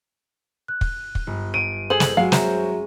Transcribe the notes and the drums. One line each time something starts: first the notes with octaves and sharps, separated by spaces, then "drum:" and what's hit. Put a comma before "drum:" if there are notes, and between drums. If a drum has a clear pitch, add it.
F#6
drum: kick
drum: kick
G1
D7 D#7
G#4 A4 C5 F#7
drum: snare
F#3 G#3 F5
C#4 F#4 C5 E5 A#5, drum: snare